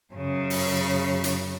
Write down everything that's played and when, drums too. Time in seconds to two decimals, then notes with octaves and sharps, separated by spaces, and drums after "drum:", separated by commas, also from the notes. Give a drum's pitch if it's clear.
0.13 F#2 C#3
0.50 drum: open hi-hat
1.24 drum: hi-hat